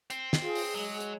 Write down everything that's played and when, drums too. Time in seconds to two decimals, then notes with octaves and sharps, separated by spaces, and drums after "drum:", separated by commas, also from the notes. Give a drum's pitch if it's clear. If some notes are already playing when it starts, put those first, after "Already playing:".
0.10 C4, drum: hi-hat
0.33 drum: snare
0.43 F4 G#4
0.55 drum: open hi-hat
0.74 F#3 G#3
1.00 drum: hi-hat